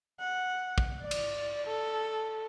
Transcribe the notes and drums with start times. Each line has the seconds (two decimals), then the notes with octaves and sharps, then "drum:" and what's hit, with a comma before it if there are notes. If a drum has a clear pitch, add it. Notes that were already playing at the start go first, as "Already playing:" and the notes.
0.20 F#5
0.78 drum: kick
1.01 D5
1.11 drum: cymbal
1.67 A4